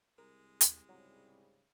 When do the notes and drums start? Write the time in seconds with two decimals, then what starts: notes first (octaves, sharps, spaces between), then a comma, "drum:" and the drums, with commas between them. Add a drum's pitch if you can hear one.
0.18 C2 G#3 A#4
0.61 drum: hi-hat
0.89 C2 G#2 C#3 F#3 G3